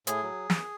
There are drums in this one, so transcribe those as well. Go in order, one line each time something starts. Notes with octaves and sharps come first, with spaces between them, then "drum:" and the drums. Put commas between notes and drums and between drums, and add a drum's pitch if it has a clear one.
A2 G#4, drum: hi-hat
F#3
drum: snare